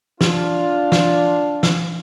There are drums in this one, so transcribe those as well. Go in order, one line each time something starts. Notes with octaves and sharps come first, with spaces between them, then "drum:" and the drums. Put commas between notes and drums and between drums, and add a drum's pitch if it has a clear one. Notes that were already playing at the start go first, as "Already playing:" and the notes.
D4 F4, drum: snare
drum: snare
drum: snare